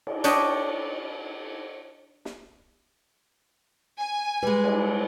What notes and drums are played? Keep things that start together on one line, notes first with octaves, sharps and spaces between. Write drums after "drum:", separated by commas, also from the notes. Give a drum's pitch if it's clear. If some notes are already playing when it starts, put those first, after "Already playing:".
drum: cymbal
D4 G4 C#5 D#5, drum: hi-hat
drum: snare
G#5
G3 G#3 B4
drum: cymbal